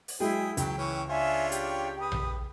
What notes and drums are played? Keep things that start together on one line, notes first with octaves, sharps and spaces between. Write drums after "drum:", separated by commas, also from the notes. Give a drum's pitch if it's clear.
drum: open hi-hat
F#3 G#3 E4 G#4 G5
C#2 E3 F#3 G5, drum: hi-hat
E3 C#4 C#6
D4 F4 C#5 E5 G#5
G4 G5, drum: hi-hat
B4 D#6
drum: tom A#1